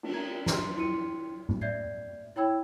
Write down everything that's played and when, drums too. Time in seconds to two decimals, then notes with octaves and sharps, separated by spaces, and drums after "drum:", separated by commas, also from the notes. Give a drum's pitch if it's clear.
0.03 drum: cymbal
0.14 A#5 G#6
0.46 A#5 C6 F6, drum: snare
0.76 E4 F4 C6 C#7 D#7
1.49 drum: tom A2
1.61 D5 E5 G6 G#6 C7
2.36 E4 C#5 G5 B5 E6 G#6